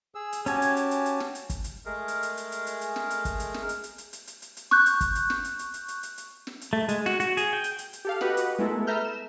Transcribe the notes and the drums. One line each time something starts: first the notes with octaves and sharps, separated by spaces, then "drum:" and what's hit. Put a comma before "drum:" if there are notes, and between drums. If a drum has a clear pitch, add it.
G#4 E6
drum: hi-hat
C#4 F#4 G4 G#5 A5, drum: hi-hat
drum: hi-hat
drum: hi-hat
drum: hi-hat
drum: hi-hat
drum: snare
drum: hi-hat
drum: kick, hi-hat
drum: hi-hat
G#3 A3 G#4 A#4
drum: hi-hat
drum: hi-hat
drum: hi-hat
drum: hi-hat
drum: hi-hat
drum: hi-hat
drum: snare
drum: hi-hat
drum: kick, hi-hat
drum: hi-hat
drum: snare
drum: hi-hat
drum: hi-hat
drum: hi-hat
drum: hi-hat
drum: hi-hat
drum: hi-hat
drum: hi-hat
C#6 F#6 G6, drum: snare
drum: hi-hat
drum: kick, hi-hat
drum: hi-hat
drum: snare
drum: hi-hat
drum: hi-hat
drum: hi-hat
drum: hi-hat
drum: hi-hat
drum: hi-hat
drum: snare
drum: hi-hat
A3
G#3, drum: hi-hat
F#4, drum: snare
F#4, drum: hi-hat
G#4, drum: hi-hat
G5
drum: hi-hat
drum: hi-hat
drum: hi-hat
G4 A4 F5
F#4 G4 B4 D#5 F#5, drum: snare
drum: hi-hat
G#3 A3 B3 E4 A4 A#4
A4 B4 E5 A#5 F6 G6
E7